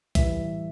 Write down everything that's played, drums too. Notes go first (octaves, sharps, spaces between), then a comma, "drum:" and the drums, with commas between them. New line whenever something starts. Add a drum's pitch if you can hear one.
A2 E3 G3 E5, drum: kick, hi-hat